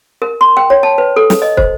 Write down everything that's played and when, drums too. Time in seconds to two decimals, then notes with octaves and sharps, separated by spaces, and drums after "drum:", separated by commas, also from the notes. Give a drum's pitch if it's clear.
0.22 A#4
0.41 C6
0.57 G5
0.70 C#5
0.83 A5
0.98 B4
1.16 A4
1.30 drum: snare
1.42 D#5
1.57 C5, drum: kick